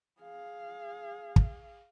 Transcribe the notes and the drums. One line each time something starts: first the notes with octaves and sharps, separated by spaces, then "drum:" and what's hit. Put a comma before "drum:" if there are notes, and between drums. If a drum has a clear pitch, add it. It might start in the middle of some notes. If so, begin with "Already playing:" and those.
G#4 F5
drum: kick